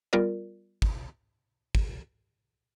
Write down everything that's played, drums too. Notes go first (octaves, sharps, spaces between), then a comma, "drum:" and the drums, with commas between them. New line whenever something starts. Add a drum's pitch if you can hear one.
G3 B3 F4 A#4 D5
drum: kick
drum: kick